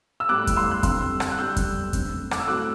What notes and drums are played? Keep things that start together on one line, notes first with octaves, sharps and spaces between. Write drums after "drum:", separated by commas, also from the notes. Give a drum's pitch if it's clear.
E6
A2 G3 B3 D6 F#6
drum: kick F2, hi-hat
C6 E6
F#6
D3 G3 C4 C6 E6, drum: kick F2, hi-hat
drum: rim click
F#6
D3 G3 B3 E6 G6
drum: kick F2, hi-hat
D3 A3 C4, drum: kick F2, hi-hat
D6, drum: rim click
E6
A2 F#3 A3 C4 D6 F#6